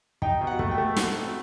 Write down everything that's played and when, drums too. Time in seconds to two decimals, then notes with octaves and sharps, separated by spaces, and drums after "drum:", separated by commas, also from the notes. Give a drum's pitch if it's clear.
0.22 D#4 G5, drum: kick
0.41 B2
0.47 F#5
0.59 A3, drum: kick
0.71 G5
0.78 A3
0.96 C4 F#5, drum: snare
1.15 B2